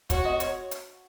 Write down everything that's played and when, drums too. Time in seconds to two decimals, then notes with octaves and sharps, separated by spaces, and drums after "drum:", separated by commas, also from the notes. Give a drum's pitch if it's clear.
0.10 F#4 C#5, drum: kick, hi-hat
0.25 D#5
0.40 C#5, drum: hi-hat
0.71 drum: hi-hat